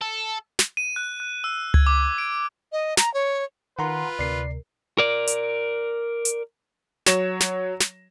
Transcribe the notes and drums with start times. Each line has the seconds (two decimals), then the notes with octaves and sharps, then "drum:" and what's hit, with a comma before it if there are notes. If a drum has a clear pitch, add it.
0.01 A4
0.59 drum: snare
0.77 D#7
0.96 F#6
1.20 F#6
1.44 E6
1.74 G#6, drum: tom C#2
1.87 D6
2.18 D7
2.72 D#5
2.97 A#5, drum: snare
3.14 C#5
3.79 D#3 F4 A#4 B4 F#5 A#5 C6
4.19 D2 C3 A#4 D5 C7
4.98 A#4 D5
5.27 drum: hi-hat
6.25 drum: hi-hat
7.06 F#3 C#5 A#6 E7, drum: snare
7.41 drum: snare
7.80 drum: snare